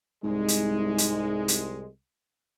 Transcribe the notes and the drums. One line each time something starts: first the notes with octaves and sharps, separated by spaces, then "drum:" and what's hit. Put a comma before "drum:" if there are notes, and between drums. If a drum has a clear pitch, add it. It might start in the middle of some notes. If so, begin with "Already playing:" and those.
C2 G#2 G#3
drum: hi-hat
drum: hi-hat
drum: hi-hat